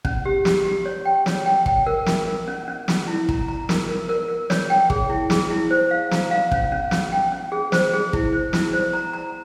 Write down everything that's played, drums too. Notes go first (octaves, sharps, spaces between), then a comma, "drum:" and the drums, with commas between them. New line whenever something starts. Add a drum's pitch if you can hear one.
C#4, drum: kick
G4
G4, drum: snare
G4
C#5
G5
C#5, drum: snare
G5
G5, drum: kick
A#4
E5, drum: snare
A#4
C#4
C#4
C#4, drum: snare
E4
A#5, drum: kick
A#5
A#4, drum: snare
A#4
A#4
A#4
C#5, drum: snare
G5
G#4, drum: kick
E4
G#4, drum: snare
E4
C5
F5
A#5, drum: snare
F5
C#4, drum: kick
C#4
C#4, drum: snare
G5
C#4
G#4
C5, drum: snare
G#4
E4, drum: kick
C5
E4, drum: snare
C5
A#5
A#5